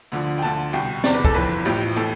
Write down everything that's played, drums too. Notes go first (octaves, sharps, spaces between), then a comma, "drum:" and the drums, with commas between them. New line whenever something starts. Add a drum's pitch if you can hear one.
D2 D3 F3
G5
D2 D3 F3 A5
C2 B2 G5
E2 C3 E3 D5, drum: snare
B4
A4, drum: kick
G1 F2 E3 B4
A1 A2 F3 G4, drum: tambourine
A2 E3 A4